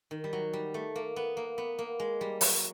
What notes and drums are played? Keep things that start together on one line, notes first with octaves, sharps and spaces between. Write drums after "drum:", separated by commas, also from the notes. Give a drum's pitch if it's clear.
D#3
G3
F#3
G3
A3
A#3
B3
A#3
B3
A#3
G#3
G3
F#3, drum: open hi-hat